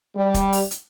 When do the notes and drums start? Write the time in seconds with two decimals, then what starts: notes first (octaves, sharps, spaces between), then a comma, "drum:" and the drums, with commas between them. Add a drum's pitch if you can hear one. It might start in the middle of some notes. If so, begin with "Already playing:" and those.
0.16 G3
0.34 drum: kick, hi-hat
0.53 drum: open hi-hat
0.71 drum: hi-hat